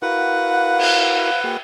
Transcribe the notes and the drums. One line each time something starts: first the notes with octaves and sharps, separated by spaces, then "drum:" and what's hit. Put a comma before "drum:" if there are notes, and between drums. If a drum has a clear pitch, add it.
E4 F#4 A#4 B4 F5 F#5
drum: cymbal
A#3 F#4 G#4 G5